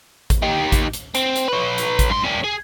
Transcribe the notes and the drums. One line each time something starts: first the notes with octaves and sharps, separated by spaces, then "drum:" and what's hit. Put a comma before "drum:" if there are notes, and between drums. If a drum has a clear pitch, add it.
drum: kick A1, hi-hat
D#4 G4
drum: kick A1, hi-hat
drum: hi-hat
C4, drum: hi-hat
drum: hi-hat
B4 C#5
drum: hi-hat
drum: kick A1, hi-hat
G2 C6
G3 C#4
G#4